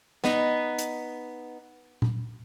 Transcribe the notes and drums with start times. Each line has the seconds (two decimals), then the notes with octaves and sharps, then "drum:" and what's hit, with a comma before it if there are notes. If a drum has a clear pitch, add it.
0.24 B3 D#4, drum: snare
0.78 drum: hi-hat
2.02 drum: tom A#2